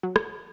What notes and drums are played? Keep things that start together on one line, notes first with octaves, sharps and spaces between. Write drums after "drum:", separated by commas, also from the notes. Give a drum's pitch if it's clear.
F#3
drum: rim click